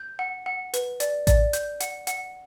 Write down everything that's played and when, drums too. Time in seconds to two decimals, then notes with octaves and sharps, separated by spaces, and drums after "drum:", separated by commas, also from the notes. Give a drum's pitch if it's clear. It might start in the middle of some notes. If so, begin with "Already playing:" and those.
Already playing: G6
0.19 F#5
0.46 F#5
0.74 B4, drum: hi-hat
1.00 D5, drum: hi-hat
1.27 D5, drum: kick A1, hi-hat
1.53 G6, drum: hi-hat
1.80 F#5, drum: hi-hat
2.07 F#5, drum: hi-hat